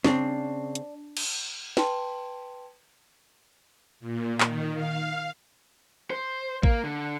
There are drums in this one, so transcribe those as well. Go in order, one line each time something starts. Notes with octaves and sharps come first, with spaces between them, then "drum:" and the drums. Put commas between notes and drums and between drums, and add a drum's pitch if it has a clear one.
C#3 C4 D4, drum: snare
drum: hi-hat
drum: cymbal
B4 G5 A5 C6, drum: snare
A#2
D#3, drum: clap
F5
C5
A#3, drum: kick A1
D3